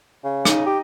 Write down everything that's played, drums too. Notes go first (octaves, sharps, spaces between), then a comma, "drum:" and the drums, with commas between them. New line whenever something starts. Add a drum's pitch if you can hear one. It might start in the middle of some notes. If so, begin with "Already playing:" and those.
C#3
D#4, drum: rim click
G4